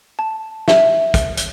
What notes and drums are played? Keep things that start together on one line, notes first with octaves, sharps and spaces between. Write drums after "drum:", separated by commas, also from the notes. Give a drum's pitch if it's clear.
A5
E5, drum: snare
drum: kick, hi-hat
drum: hi-hat